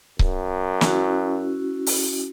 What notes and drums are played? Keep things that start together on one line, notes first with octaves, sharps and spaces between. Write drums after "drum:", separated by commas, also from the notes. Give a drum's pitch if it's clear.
F#2, drum: kick C#1
C#4 E4 F#4, drum: snare
drum: open hi-hat